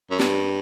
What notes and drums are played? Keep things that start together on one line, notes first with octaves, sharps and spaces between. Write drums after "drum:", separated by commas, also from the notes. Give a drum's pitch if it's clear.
F#2
G2, drum: snare